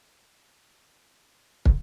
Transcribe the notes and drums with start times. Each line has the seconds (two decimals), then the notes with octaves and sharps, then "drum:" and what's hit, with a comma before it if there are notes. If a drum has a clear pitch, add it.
0.11 E3 D#4
0.47 G3
1.29 A#3
1.65 drum: kick